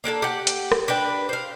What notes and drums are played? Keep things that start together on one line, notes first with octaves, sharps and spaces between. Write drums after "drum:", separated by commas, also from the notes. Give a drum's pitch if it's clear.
A#3 D4 G#4 A4
G4 F#5
drum: hi-hat
drum: rim click
D4 B4 G5
C5 F5